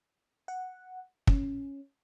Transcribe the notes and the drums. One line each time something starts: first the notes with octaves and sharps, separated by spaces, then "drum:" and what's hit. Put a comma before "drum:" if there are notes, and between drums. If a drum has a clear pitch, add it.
F#5
C#4, drum: kick